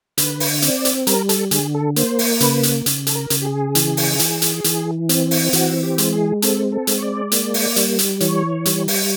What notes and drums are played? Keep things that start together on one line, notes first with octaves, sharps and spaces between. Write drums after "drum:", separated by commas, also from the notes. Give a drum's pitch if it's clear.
D3 B4, drum: hi-hat
drum: open hi-hat
C4 D5, drum: hi-hat
drum: hi-hat
G3 A#4, drum: hi-hat
A4, drum: hi-hat
D3 G#4, drum: hi-hat
A4
A#3 C5, drum: hi-hat
drum: open hi-hat
C#3 B4, drum: hi-hat
drum: hi-hat
C#3, drum: hi-hat
A4, drum: hi-hat
A#4
C#3, drum: hi-hat
G4
G#4
E3, drum: hi-hat
drum: open hi-hat
E3, drum: hi-hat
drum: hi-hat
E3, drum: hi-hat
C4, drum: hi-hat
drum: open hi-hat
E3 F#4, drum: hi-hat
G4
G#3, drum: hi-hat
G#4
C4 A4, drum: hi-hat
A4
G#3, drum: hi-hat
C#5
D5
A#3, drum: hi-hat
drum: open hi-hat
G3, drum: hi-hat
drum: hi-hat
E3 C#5, drum: hi-hat
G3, drum: hi-hat
drum: open hi-hat